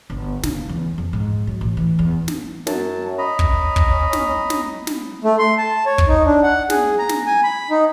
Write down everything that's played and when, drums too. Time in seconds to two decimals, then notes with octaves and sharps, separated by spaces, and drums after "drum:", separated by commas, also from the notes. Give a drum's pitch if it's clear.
0.10 G1
0.43 C#3, drum: snare
0.69 E2
0.98 F2
1.13 G#2
1.47 F#3
1.61 A1
1.77 E3
1.99 E2
2.28 drum: snare
2.67 F#2 A5, drum: snare
3.18 C#4 D#5 A#5 B5
3.39 drum: kick
3.76 drum: kick
4.13 drum: snare
4.50 drum: snare
4.87 drum: snare
5.24 A3
5.38 C6
5.58 A5
5.86 C#5
5.98 drum: kick
6.08 D#4
6.26 D4
6.43 F#5
6.70 G#4, drum: snare
6.99 A#5
7.09 drum: snare
7.26 G#5
7.43 B5
7.71 D#4